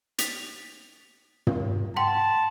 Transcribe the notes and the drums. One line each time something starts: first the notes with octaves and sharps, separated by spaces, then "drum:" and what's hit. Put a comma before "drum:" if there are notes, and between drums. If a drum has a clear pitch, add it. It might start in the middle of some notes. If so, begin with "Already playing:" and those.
A6 B6 F7, drum: hi-hat
drum: tom
F#5 G5 A5 C6